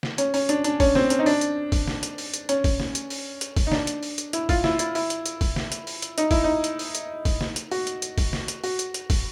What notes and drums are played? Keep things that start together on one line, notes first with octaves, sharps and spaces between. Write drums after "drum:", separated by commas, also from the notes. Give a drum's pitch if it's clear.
drum: snare
C#4, drum: hi-hat
C#4, drum: open hi-hat
D4, drum: hi-hat
D4, drum: hi-hat
C#4, drum: kick, open hi-hat
C4, drum: snare
C#4, drum: hi-hat
D#4
D4, drum: open hi-hat
drum: hi-hat
drum: kick, open hi-hat
drum: snare
drum: hi-hat
drum: open hi-hat
drum: hi-hat
C#4, drum: hi-hat
drum: kick, open hi-hat
drum: snare
drum: hi-hat
drum: open hi-hat
drum: hi-hat
drum: kick, open hi-hat
D#4
D4, drum: snare
drum: hi-hat
drum: open hi-hat
drum: hi-hat
E4, drum: hi-hat
F4, drum: kick, open hi-hat
E4, drum: snare
E4, drum: hi-hat
E4, drum: open hi-hat
drum: hi-hat
drum: hi-hat
drum: kick, open hi-hat
drum: snare
drum: hi-hat
drum: open hi-hat
drum: hi-hat
D#4, drum: hi-hat
E4, drum: kick, open hi-hat
D#4
drum: hi-hat
drum: open hi-hat
drum: hi-hat
drum: kick, open hi-hat
drum: snare
drum: hi-hat
F#4, drum: open hi-hat
drum: hi-hat
drum: hi-hat
drum: kick, open hi-hat
drum: snare
drum: hi-hat
F#4, drum: open hi-hat
drum: hi-hat
drum: hi-hat
drum: kick, open hi-hat